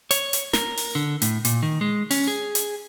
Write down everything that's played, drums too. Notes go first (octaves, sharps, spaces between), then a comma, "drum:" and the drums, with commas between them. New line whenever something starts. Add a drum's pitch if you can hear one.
C#5, drum: hi-hat
drum: hi-hat
A#4, drum: snare
drum: open hi-hat
D3
A2, drum: hi-hat
A#2, drum: hi-hat
D#3
G#3
C#4, drum: open hi-hat
G#4
drum: hi-hat